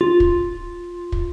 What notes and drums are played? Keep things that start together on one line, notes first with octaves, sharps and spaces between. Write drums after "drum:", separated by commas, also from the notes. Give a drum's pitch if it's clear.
F4
drum: kick
drum: kick